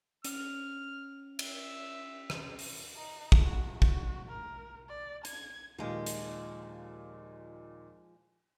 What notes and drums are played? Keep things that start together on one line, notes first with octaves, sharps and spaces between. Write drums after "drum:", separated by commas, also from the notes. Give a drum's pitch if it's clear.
C#4 F6, drum: hi-hat
E5, drum: cymbal
drum: rim click
drum: open hi-hat
D#4
drum: kick
F#4
F#4, drum: kick
A#4
D5
G#6, drum: hi-hat
D#2 A#2 F3 G#3
drum: hi-hat